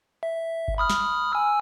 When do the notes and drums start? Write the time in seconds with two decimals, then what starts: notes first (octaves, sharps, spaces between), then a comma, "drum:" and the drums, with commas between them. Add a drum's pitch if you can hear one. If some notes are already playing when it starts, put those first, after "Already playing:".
0.23 E5
0.68 drum: kick G1
0.78 B5 D#6 F6
0.90 drum: snare
1.33 G#5 E6